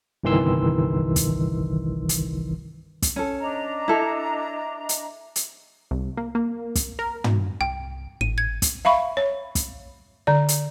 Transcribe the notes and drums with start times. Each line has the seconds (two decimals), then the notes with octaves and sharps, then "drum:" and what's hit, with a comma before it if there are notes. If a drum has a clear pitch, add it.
0.24 G1 C2 D#3 E3 C6 E6
1.16 drum: kick, hi-hat
2.09 drum: hi-hat
3.02 drum: kick, hi-hat
3.16 C#4 A4
3.40 D4 D#5 A#5
3.88 E4 A4
4.89 drum: hi-hat
5.36 drum: hi-hat
5.91 C2
6.17 A#3
6.35 A#3
6.75 drum: kick, hi-hat
6.99 A#4
7.24 B2, drum: tom
7.61 C2 G5
8.21 G#1 A2 D#7
8.38 G#6
8.62 drum: kick, hi-hat
8.85 E5 F5 B5 C#6
9.17 C#5
9.55 drum: kick, hi-hat
10.27 D3 D5
10.49 drum: hi-hat